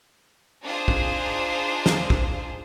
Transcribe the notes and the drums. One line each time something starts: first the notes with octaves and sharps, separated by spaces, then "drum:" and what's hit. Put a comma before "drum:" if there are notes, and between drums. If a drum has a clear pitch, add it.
D4 D#4 F4 G#4 C5
drum: kick
drum: snare
drum: kick